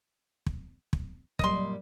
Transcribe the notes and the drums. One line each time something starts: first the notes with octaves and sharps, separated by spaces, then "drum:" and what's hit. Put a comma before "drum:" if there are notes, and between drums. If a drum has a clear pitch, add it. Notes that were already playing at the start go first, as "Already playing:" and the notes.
drum: kick
drum: kick
F#2 A#2 G3 D#5 C6, drum: kick